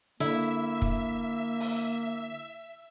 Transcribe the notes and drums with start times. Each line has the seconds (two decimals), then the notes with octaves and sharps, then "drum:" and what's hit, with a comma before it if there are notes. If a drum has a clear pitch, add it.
0.20 D3 A#3 E4 E5, drum: hi-hat
0.82 drum: kick
1.60 drum: open hi-hat